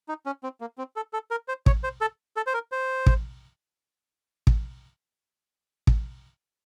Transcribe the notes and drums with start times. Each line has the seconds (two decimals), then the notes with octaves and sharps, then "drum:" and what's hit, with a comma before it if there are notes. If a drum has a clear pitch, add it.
0.08 D#4
0.26 C#4
0.43 C4
0.61 A#3
0.78 C4
0.96 A4
1.13 A4
1.31 A#4
1.48 C5
1.66 C#5, drum: kick
1.84 C5
2.01 A4
2.36 A4
2.47 C5
2.54 A#4
2.72 C5
3.06 drum: kick
4.47 drum: kick
5.87 drum: kick